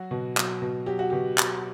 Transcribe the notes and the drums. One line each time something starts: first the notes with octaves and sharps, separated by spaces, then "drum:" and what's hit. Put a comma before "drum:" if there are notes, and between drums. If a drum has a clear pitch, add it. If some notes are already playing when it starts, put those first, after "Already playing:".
Already playing: F#3 F#4
B2
F#3, drum: clap
B2
F#3 G4
F#4
B2 G4
F#3, drum: clap